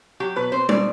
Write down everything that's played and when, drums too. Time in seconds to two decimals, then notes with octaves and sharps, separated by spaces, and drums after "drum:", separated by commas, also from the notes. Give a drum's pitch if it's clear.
0.20 F#3 G4
0.36 B2 B4
0.52 C4 C5
0.69 B2 D5, drum: tom G3